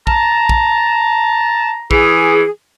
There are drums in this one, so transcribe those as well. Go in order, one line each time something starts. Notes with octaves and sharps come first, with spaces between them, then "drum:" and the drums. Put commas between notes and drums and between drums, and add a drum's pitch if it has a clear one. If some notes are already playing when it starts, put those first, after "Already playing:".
A5 A#5, drum: kick
drum: kick
E3 G#4, drum: kick